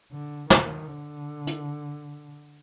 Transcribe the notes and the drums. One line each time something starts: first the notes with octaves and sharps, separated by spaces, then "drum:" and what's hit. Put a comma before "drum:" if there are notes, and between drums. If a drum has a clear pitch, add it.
D3
D#3, drum: snare
D3
drum: hi-hat